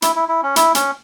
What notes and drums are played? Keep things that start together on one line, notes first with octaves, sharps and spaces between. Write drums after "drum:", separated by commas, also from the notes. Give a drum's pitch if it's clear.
E4, drum: hi-hat
E4
E4
C#4
E4, drum: hi-hat
C#4, drum: hi-hat